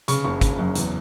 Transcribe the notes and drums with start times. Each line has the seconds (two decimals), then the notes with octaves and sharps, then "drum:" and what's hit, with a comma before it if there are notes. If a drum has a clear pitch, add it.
0.08 C#3 C#6, drum: hi-hat
0.24 F#1 C#6
0.41 C#3, drum: kick, hi-hat
0.59 F#2
0.75 E2, drum: hi-hat